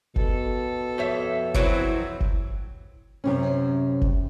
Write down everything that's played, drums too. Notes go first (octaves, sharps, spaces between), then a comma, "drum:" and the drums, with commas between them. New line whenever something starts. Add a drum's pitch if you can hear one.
B2 A4, drum: kick F#1
F2 C#5 E5
E3 F#3 C4, drum: kick F#1
drum: kick F#1
F#2 C3 C#4
drum: kick F#1